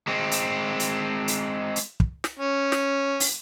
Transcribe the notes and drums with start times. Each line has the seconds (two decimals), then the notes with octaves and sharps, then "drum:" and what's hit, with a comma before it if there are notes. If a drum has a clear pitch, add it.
0.07 G#3 C4
0.31 drum: hi-hat
0.80 drum: hi-hat
1.28 drum: hi-hat
1.76 drum: hi-hat
2.00 drum: kick
2.24 drum: snare
2.39 C#4
2.72 drum: snare
3.20 drum: open hi-hat